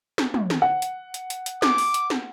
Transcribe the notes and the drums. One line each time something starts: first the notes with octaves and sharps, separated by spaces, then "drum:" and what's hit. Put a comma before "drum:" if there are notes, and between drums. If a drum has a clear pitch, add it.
drum: snare
drum: tom
drum: snare
F#5
drum: hi-hat
drum: hi-hat
drum: hi-hat
drum: hi-hat
D6, drum: snare
drum: open hi-hat
drum: hi-hat
drum: snare